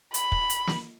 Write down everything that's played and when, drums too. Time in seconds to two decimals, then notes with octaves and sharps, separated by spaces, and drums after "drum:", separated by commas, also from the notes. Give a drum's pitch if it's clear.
0.14 B5, drum: hi-hat
0.32 drum: kick
0.50 drum: hi-hat
0.67 drum: snare